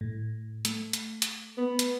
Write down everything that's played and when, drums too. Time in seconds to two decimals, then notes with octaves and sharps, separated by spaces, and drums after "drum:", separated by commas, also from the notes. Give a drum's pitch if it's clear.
0.01 A2
0.65 A3, drum: hi-hat
0.93 drum: hi-hat
1.22 drum: hi-hat
1.58 B3
1.79 drum: hi-hat